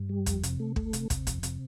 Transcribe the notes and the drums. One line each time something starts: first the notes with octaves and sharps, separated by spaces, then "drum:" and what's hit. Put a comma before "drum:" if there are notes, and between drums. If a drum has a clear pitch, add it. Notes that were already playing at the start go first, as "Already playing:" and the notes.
Already playing: G2
G3
F2, drum: kick, hi-hat
C3, drum: hi-hat
A3
A3, drum: kick
C3, drum: hi-hat
C3, drum: kick, hi-hat
F2, drum: kick, hi-hat
C3, drum: hi-hat